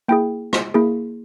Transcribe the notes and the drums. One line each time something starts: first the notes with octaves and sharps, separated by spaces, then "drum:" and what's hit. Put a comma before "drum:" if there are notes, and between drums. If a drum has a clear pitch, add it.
A#3 E4 G#4 G5
drum: rim click
A#3 E4 G#4